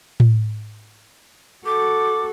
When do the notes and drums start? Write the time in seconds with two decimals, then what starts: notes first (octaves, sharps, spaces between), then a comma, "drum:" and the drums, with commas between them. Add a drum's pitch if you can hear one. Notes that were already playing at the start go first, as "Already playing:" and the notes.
0.20 drum: tom A2
1.66 F#4 A4 D6